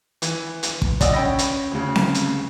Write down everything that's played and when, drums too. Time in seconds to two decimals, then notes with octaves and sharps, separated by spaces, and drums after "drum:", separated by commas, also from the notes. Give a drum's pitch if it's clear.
0.22 E3, drum: hi-hat
0.63 drum: hi-hat
0.82 drum: kick
1.01 D5 D#5 F#5 D#6 E6, drum: kick, hi-hat
1.13 C#4 G5 B5 A#6
1.39 drum: hi-hat
1.72 D2 C#3
1.95 drum: snare C4
2.14 drum: hi-hat